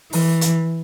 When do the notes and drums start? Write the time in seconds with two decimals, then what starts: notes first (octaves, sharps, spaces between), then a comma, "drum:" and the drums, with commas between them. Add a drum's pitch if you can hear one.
0.13 E3, drum: open hi-hat
0.41 drum: hi-hat